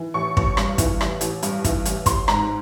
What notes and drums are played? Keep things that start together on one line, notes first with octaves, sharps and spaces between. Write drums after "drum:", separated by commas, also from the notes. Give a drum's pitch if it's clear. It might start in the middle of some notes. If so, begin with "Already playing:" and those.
Already playing: E3
A1 C#6
A1 C#6, drum: kick
G2, drum: rim click
E3, drum: kick, hi-hat
A1, drum: rim click
A1, drum: hi-hat
G2, drum: hi-hat
E3, drum: kick, hi-hat
A1, drum: hi-hat
A1 C6, drum: kick, hi-hat
G#2 A#5, drum: rim click